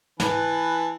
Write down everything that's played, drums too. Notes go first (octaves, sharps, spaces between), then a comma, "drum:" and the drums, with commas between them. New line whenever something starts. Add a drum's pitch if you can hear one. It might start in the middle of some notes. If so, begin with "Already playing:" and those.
E3 B4 A5, drum: snare